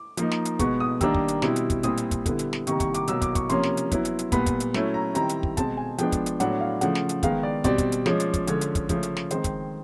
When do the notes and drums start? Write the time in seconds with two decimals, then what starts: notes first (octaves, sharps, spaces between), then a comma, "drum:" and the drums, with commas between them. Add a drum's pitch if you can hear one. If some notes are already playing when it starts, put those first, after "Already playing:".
Already playing: D6
0.17 F3 A#3 D#4, drum: hi-hat
0.31 drum: snare
0.45 drum: hi-hat
0.59 B2 G#3 B3 C#6, drum: kick, hi-hat
0.80 D#6
1.01 D#3 G3 A#3 D4 E6, drum: kick, hi-hat
1.14 drum: kick
1.28 drum: hi-hat
1.42 B2 G3 C4 E4, drum: snare
1.56 drum: hi-hat
1.70 drum: kick, hi-hat
1.83 A#2 G3 C4 E4 D#6, drum: hi-hat
1.97 drum: hi-hat
2.11 drum: kick, hi-hat
2.26 D3 G3 B3 E4, drum: kick, hi-hat
2.39 drum: hi-hat
2.53 drum: snare
2.67 C3 D#3 G3 A#3 C#6, drum: hi-hat
2.80 C#6, drum: kick, hi-hat
2.94 D6, drum: hi-hat
3.08 B2 F#3 A#3 E6, drum: hi-hat
3.22 D6, drum: kick, hi-hat
3.35 C#6, drum: kick, hi-hat
3.49 C3 F3 A#3 C#4 C6, drum: hi-hat
3.63 drum: snare
3.77 drum: hi-hat
3.92 F#3 B3 E4, drum: kick, hi-hat
4.05 drum: hi-hat
4.19 drum: hi-hat
4.32 A#2 G3 B3 B5, drum: kick, hi-hat
4.46 drum: kick, hi-hat
4.60 drum: hi-hat
4.74 F#3 A3 C#4 E4, drum: snare
4.94 A#5
5.15 D#3 G3 C4 E4 A#5, drum: hi-hat
5.29 drum: hi-hat
5.43 drum: kick
5.57 B2 G#3 C4 A5, drum: kick, hi-hat
5.77 G#5
5.98 F3 G#3 B3 D4 G5, drum: hi-hat
6.12 drum: kick, hi-hat
6.26 drum: hi-hat
6.40 A2 F#3 B3 D4 F#5, drum: hi-hat
6.61 F5
6.81 C#3 F3 A3 F#5, drum: hi-hat
6.95 drum: snare
7.09 drum: hi-hat
7.23 D#3 G#3 B3 F5, drum: kick, hi-hat
7.43 D5
7.64 B2 G3 C4 D5, drum: kick, hi-hat
7.78 drum: kick, hi-hat
7.92 drum: hi-hat
8.06 F3 G#3 C#4, drum: snare
8.20 drum: hi-hat
8.34 drum: kick, hi-hat
8.47 D3 F3 G#3 C#4 C#5, drum: hi-hat
8.61 drum: hi-hat
8.75 drum: kick, hi-hat
8.89 C#3 F3 A3 C#4, drum: kick, hi-hat
9.03 drum: hi-hat
9.17 drum: snare
9.31 D#3 G#3 C4 C5, drum: hi-hat
9.44 drum: kick, hi-hat